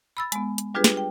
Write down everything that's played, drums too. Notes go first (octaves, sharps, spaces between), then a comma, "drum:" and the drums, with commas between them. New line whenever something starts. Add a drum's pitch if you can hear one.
B5 E6 A6
G#3 B3, drum: hi-hat
drum: hi-hat
G3 D4 F4 G4 G#4 B4
drum: snare
G5